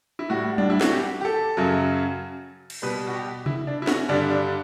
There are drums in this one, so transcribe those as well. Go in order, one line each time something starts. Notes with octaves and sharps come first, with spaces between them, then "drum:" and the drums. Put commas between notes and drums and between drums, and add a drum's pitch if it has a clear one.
E4
A2 G3 F#4
D4, drum: tom F#3
E4
F#4, drum: snare
G4
G4
A4
F#2 C#3 F#3
drum: cymbal
B2 G3 B4
F#4
G4
E4, drum: tom C3
D4
E4
F#4, drum: snare
G2 D3 G3 D4
D4